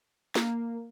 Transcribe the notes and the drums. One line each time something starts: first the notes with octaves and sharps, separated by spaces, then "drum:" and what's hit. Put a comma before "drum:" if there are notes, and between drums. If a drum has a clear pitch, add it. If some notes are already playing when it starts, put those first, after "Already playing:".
A#3, drum: snare